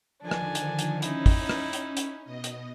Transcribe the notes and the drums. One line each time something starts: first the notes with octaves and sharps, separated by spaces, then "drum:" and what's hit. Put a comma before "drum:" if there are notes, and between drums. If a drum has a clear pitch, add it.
D3 D#3 F3 D4 G#5
drum: rim click
drum: hi-hat
drum: hi-hat
C#4 D#4 E4, drum: hi-hat
drum: kick, open hi-hat
drum: rim click
drum: hi-hat
drum: hi-hat
B2 D#5
drum: hi-hat